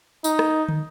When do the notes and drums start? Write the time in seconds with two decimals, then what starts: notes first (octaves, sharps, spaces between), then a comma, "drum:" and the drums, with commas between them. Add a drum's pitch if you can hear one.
0.24 D#4, drum: tambourine
0.39 drum: rim click
0.69 drum: tom